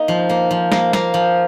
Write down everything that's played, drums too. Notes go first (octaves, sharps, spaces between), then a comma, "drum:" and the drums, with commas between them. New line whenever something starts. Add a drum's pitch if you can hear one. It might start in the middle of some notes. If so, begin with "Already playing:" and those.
Already playing: A#3 D#4
F3
A#3
F3
A#3, drum: snare
A#3, drum: snare
F3